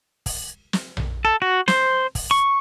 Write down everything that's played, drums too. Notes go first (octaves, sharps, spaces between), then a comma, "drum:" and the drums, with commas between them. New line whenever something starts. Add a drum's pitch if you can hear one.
drum: kick, open hi-hat
drum: snare
drum: tom A#1
A4
F#4
C5, drum: snare
drum: kick, open hi-hat
C#6